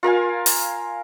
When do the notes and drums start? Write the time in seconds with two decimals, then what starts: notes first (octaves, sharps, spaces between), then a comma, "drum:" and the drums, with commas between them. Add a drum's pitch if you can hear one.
0.03 F4 A#4 F5 G#5
0.46 drum: open hi-hat